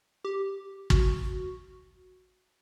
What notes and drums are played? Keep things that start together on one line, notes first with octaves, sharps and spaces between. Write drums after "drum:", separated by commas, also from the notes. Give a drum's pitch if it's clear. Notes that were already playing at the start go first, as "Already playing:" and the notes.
G4
F#4, drum: kick